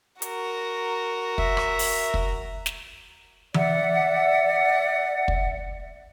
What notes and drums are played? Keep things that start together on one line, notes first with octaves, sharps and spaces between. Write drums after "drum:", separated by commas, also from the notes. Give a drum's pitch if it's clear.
F#4 A#4, drum: hi-hat
E5, drum: kick
drum: rim click
drum: open hi-hat
drum: kick
drum: snare
D5 E5 F#5, drum: tom E3
drum: kick